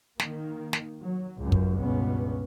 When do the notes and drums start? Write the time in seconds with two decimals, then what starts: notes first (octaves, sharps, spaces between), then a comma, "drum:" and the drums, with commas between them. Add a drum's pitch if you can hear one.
0.20 D#3 A#3, drum: snare
0.73 drum: snare
1.01 F#3
1.38 C#2 F#2
1.52 drum: kick
1.79 C#2 G2 B2 B3 C#4